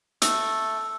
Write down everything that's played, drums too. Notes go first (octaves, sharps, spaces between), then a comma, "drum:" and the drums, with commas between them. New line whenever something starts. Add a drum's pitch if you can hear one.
A3 E6, drum: hi-hat